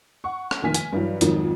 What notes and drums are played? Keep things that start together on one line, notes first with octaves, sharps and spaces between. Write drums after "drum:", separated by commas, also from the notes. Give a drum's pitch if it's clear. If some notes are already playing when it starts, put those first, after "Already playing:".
F#5 C#6
drum: rim click
F1 A#2 D#3 G#5 F6 B6
G#5, drum: hi-hat
G2 E3 F#3
G#1 F2 D#3 F#3, drum: hi-hat